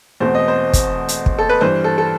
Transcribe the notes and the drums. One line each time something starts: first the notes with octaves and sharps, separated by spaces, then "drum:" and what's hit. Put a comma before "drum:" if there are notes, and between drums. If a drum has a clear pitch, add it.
E2 B2 A3 C4 C5
D#5
C5
drum: kick, hi-hat
drum: hi-hat
drum: kick
A4
B4
G2 E3 G3 C5
A4
A4